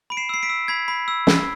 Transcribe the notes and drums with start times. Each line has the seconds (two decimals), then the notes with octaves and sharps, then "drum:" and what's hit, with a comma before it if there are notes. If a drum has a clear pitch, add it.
0.10 B5 D7
0.17 C7 E7
0.29 E6 C7
0.43 B6 D7
0.50 E6
0.68 B5 G#6 B6
0.88 B5
1.08 E6
1.27 E6, drum: snare